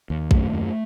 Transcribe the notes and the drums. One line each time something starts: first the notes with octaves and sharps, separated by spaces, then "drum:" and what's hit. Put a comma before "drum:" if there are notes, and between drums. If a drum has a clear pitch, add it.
D#2
F#2 A3, drum: kick
F#2